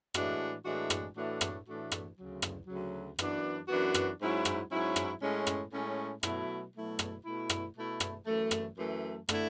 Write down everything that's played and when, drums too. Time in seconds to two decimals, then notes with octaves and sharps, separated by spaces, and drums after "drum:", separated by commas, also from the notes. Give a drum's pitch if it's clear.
0.14 A2 E3 G#3 D4 F#4, drum: rim click
0.64 A2 E3 G#3 D4 F#4
0.90 drum: rim click
1.15 A2 E3 A3 D4 F#4
1.41 drum: rim click
1.66 A2 E3 A3 D4 F#4
1.92 drum: rim click
2.17 D2 C#3 F#3
2.42 drum: rim click
2.67 D2 C#3 F#3
3.19 F#2 E3 B3 D4 F#4, drum: rim click
3.68 F#2 E3 B3 D4 F#4
3.94 drum: rim click
4.20 G#2 F#3 C#4 E4
4.45 drum: rim click
4.71 G#2 F#3 C#4 E4
4.96 drum: rim click
5.21 A2 G#3 C#4
5.47 drum: rim click
5.71 A2 G#3 C#4
6.23 B2 F#3 A3 E4, drum: rim click
6.73 B2 F#3 A3 E4
6.99 drum: rim click
7.24 B2 A3 E4
7.50 drum: rim click
7.74 B2 A3 E4
8.00 drum: rim click
8.25 F#2 E3 A3
8.51 drum: rim click
8.76 F#2 E3 A3
9.29 D3 A3 E4, drum: rim click